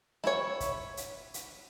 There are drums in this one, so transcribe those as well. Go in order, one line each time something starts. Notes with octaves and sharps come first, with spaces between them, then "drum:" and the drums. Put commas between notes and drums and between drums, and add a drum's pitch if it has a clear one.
E4 C#5, drum: rim click
drum: kick, hi-hat
drum: hi-hat
drum: hi-hat